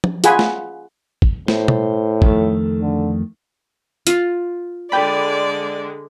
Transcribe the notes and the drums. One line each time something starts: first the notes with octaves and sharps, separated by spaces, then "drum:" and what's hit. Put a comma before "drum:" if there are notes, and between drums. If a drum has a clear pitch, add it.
drum: tom F3
F4 G#4 F#5 G#5 B5, drum: hi-hat
drum: snare
drum: kick
A2 C5, drum: snare
drum: tom B2
F2 D#3 A3, drum: kick
D3
F4 F5, drum: hi-hat
D3 G#3 D5 G5 B5